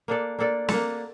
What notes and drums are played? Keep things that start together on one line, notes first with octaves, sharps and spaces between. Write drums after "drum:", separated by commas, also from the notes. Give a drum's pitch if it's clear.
A#3 D4 A4 D5
A#3 D4 A4 D5
A#3 D4 A4, drum: snare